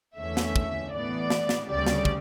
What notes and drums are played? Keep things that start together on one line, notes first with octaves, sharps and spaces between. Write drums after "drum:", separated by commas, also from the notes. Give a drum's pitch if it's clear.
E2 D3 A3 C#4 E5
drum: snare
drum: kick
A2 E3 B3 D5
drum: snare
drum: snare
D2 C#3 G3 D5
drum: snare
drum: kick